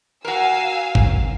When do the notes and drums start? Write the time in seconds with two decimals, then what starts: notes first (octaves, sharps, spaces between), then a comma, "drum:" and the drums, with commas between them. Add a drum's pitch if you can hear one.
0.25 F#4 A#4 F5 G#5 E6
0.95 drum: kick